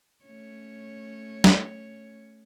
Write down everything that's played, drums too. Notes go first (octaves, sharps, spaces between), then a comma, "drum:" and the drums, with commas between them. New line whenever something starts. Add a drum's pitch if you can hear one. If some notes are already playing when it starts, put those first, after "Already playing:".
A3 C#4 C#5
drum: snare